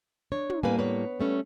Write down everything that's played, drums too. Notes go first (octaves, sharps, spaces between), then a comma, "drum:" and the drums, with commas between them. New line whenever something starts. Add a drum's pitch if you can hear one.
D4 C#5
drum: tom
A2 G3 A#3 B4 F5 G#5
B3 B4 C#5
G3 A3 C#4